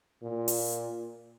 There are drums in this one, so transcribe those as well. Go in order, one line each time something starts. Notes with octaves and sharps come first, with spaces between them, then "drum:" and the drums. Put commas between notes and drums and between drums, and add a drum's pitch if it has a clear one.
A#2
drum: open hi-hat